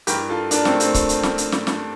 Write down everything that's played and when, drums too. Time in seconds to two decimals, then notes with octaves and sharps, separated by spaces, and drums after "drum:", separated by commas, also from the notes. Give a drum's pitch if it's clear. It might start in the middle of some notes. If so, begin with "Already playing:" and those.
0.07 G2 E3 G4 A#4, drum: hi-hat
0.29 F4 A4
0.51 A#3 D4, drum: hi-hat
0.65 A3 C4, drum: snare
0.80 A3 C4, drum: hi-hat
0.94 drum: kick C#1, hi-hat
1.09 drum: hi-hat
1.23 drum: snare
1.38 drum: hi-hat
1.52 drum: snare
1.67 drum: snare